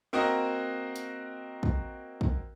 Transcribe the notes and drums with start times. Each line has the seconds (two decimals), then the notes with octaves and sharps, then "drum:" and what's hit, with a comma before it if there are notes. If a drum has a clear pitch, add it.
0.13 A#3 C4 F#4 A#4 D#5
0.96 drum: hi-hat
1.63 drum: kick
2.21 drum: kick